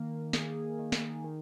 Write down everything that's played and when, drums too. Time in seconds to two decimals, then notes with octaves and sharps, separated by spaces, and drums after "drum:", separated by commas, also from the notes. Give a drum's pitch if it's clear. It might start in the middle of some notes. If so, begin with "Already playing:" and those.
Already playing: D#3 A#3
0.33 G#4, drum: snare
0.79 D#3
0.92 drum: snare
1.24 D#3